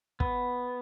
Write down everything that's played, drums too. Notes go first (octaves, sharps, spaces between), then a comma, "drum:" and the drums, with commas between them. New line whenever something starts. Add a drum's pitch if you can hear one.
B3, drum: kick